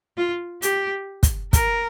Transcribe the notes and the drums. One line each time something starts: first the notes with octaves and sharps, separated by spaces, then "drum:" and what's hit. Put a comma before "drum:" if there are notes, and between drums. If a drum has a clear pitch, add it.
F4
G4, drum: hi-hat
drum: kick, hi-hat
A#4, drum: kick, hi-hat